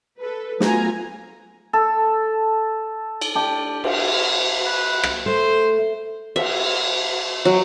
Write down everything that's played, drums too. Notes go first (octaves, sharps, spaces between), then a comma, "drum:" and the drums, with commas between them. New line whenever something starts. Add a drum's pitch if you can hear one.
A4 B4
F#3 A3 B3 F4 G#5 A#5, drum: snare
A4
drum: cymbal
D4 G4
drum: cymbal
B4
drum: rim click
A3 C5
E5, drum: cymbal
F#3